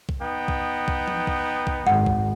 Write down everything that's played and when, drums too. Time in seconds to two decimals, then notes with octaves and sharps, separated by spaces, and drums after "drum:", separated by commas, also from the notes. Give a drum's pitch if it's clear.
0.09 drum: kick B1
0.22 B3 D#4 G5
0.48 drum: kick B1
0.88 drum: kick B1
1.08 drum: tom F3
1.27 drum: kick B1
1.67 drum: kick B1
1.87 G#1 F#5, drum: tom
2.06 drum: kick B1